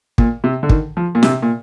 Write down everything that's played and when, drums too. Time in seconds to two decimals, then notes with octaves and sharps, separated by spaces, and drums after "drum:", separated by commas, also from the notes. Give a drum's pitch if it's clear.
0.18 A#2, drum: kick
0.44 C3
0.63 D3
0.69 D#3, drum: kick
0.97 F3
1.15 A#2
1.23 C3, drum: snare
1.42 A#2